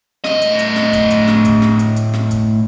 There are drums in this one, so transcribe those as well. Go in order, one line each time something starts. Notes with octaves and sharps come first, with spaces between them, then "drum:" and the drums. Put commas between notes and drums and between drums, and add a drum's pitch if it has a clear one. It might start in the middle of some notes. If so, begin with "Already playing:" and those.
A2 D#5, drum: snare
drum: hi-hat
drum: hi-hat
drum: snare
drum: kick, hi-hat
drum: hi-hat
drum: snare
drum: kick, hi-hat
drum: snare
drum: hi-hat
drum: hi-hat
drum: snare
drum: kick, hi-hat